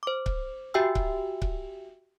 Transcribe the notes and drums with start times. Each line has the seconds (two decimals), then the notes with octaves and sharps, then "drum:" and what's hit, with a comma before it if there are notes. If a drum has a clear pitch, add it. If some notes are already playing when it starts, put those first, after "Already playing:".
0.03 C5 D6
0.26 drum: kick C#1
0.74 F#4 G4 E5 G5 G#5 E6
0.95 drum: kick C#1
1.42 drum: kick C#1